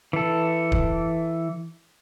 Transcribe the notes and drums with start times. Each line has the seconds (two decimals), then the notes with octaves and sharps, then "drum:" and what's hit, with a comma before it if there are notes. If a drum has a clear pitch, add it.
0.13 E3 A4
0.72 drum: kick D1